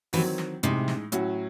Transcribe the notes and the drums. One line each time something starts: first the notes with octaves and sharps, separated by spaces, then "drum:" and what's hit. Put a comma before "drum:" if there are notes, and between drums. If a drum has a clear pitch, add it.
D#3 E3 F#3 C4 F#4, drum: open hi-hat
drum: snare
A2 C3 G#3 D#4, drum: hi-hat
drum: snare
A2 F#3 C#4 F#4, drum: hi-hat